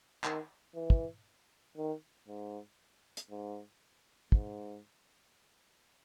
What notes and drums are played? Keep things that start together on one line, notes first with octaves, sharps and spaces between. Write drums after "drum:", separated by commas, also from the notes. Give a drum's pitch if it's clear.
D#3, drum: clap
E3
drum: kick
D#3
G#2
drum: hi-hat
G#2
G#2, drum: kick